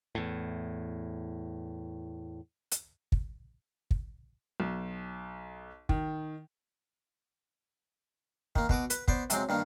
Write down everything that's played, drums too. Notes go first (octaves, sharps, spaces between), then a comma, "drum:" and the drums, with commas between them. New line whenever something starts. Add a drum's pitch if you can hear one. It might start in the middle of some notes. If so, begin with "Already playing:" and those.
E2 A2
drum: hi-hat
drum: kick
drum: kick
B1
D#3, drum: kick
D#3 A#3, drum: kick
B2 F#4 D6 D#6, drum: kick
B4, drum: hi-hat
B3 C5 D5, drum: kick
C3 F#3 G#3 C4, drum: hi-hat
G2 D#3 A#3